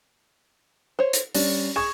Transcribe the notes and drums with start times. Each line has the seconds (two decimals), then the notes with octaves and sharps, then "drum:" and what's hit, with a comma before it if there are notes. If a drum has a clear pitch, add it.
0.99 C5 C#5
1.13 drum: hi-hat
1.35 G3 C#4 D4, drum: open hi-hat
1.76 G#4 C#6 G#6 E7